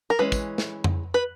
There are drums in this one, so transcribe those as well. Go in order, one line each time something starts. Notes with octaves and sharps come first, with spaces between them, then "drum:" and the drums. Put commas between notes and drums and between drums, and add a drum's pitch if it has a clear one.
A#4
E3 G#3 C#4 B4
drum: kick, tambourine
drum: snare
drum: tom F2
B4